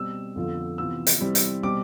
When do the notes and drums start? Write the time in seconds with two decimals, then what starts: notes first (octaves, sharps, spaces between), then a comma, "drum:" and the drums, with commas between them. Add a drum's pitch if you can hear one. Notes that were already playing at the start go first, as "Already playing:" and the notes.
Already playing: B2 G3 C4 E6
0.36 F2 D3 F3 B3 F4
0.78 C3 E3 B3 F4 E6
1.07 drum: hi-hat
1.20 C3 G3 C4 E4
1.35 drum: hi-hat
1.63 B2 G3 C4 D6